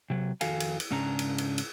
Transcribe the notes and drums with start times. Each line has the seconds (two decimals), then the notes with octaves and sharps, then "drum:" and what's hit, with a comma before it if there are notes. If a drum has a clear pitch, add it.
0.10 C3 F#3
0.41 F2 D#3 F#4 A4 F5 G#5, drum: cymbal
0.60 drum: cymbal
0.80 drum: cymbal
0.91 G#2 C#3 C#4 D4 A#5
1.19 drum: cymbal
1.38 drum: cymbal
1.58 drum: cymbal